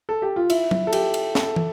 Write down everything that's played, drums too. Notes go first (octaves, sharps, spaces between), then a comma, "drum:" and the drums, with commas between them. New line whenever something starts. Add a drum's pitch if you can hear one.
A4
G4
F4
E4, drum: cymbal
drum: tom F#3
A4
G4, drum: cymbal
drum: cymbal
A4, drum: snare
drum: tom